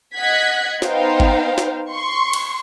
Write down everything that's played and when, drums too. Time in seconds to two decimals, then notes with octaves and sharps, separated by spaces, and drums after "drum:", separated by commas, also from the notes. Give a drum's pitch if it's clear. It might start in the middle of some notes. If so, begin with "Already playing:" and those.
0.15 D#5 F#5 F#6 G#6 B6
0.82 B3 D#4 C5 F5 G5, drum: snare
1.20 drum: kick G1
1.58 drum: snare
1.91 C6 C#6
2.33 drum: cymbal